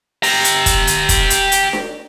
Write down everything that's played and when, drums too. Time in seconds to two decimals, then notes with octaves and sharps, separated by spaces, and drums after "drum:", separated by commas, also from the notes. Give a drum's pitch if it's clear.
0.23 G4 A#5, drum: open hi-hat
0.44 drum: hi-hat
0.66 drum: kick, hi-hat
0.87 drum: hi-hat
1.09 drum: kick, hi-hat
1.30 drum: hi-hat
1.52 drum: hi-hat
1.73 drum: snare D4